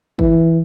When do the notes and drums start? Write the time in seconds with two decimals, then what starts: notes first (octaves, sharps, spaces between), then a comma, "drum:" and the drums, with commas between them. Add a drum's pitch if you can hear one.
0.19 E3, drum: kick G#1